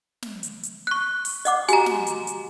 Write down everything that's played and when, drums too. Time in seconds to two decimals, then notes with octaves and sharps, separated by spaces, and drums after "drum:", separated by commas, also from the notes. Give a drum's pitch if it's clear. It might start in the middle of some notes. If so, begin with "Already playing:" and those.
0.22 drum: snare
0.43 drum: hi-hat
0.63 drum: hi-hat
0.87 C#6 F#6
1.25 drum: open hi-hat
1.45 D#5 F#5 D6, drum: hi-hat
1.69 F#4 G4 G#5 A#5, drum: hi-hat
1.86 drum: snare
2.07 drum: hi-hat
2.27 drum: hi-hat